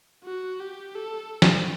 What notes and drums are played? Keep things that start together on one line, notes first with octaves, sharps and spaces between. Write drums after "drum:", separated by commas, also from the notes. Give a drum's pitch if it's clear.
F#4
G4
A4
drum: snare